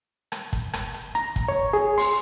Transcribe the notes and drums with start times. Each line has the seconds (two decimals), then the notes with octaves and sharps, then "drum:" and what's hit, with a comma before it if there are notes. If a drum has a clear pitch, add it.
0.32 drum: rim click
0.53 drum: kick, hi-hat
0.73 drum: rim click
0.94 drum: hi-hat
1.15 A#5, drum: hi-hat
1.36 drum: kick, hi-hat
1.48 C#5
1.73 G#4
1.98 C6, drum: open hi-hat